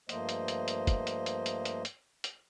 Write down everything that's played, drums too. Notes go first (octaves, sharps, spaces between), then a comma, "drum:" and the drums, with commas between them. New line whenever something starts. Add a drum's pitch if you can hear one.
G2 F3 A3 A#3 C5 D#5, drum: hi-hat
drum: hi-hat
drum: hi-hat
drum: hi-hat
drum: kick, hi-hat
drum: hi-hat
drum: hi-hat
drum: hi-hat
drum: hi-hat
drum: hi-hat
drum: hi-hat